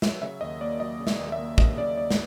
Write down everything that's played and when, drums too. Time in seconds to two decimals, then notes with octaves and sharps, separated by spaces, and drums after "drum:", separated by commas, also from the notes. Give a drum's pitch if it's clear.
0.02 F#3 E5, drum: snare
0.22 C#3 E5
0.41 D#2 D#5
0.61 A#3 D5
0.80 F#3 D#5
1.00 C#3
1.07 E5, drum: snare
1.19 D#2
1.32 E5
1.39 A#3
1.58 F#3 D#5, drum: kick
1.78 C#3 D5
1.97 D#2 D5
2.11 drum: snare